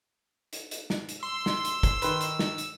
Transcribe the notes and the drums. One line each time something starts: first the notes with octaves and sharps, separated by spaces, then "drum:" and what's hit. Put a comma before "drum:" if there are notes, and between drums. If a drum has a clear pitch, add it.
drum: hi-hat
drum: hi-hat
drum: snare
drum: hi-hat
C6 E6
drum: snare
drum: hi-hat
drum: kick, hi-hat
D#3 B4, drum: hi-hat
drum: hi-hat
drum: snare
drum: hi-hat